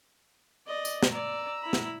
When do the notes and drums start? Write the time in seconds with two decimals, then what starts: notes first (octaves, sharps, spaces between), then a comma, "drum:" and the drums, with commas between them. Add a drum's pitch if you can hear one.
0.67 D5 D#5
0.85 drum: tambourine
1.03 drum: snare
1.13 D5 A#5 E6
1.63 E4 B5
1.73 drum: snare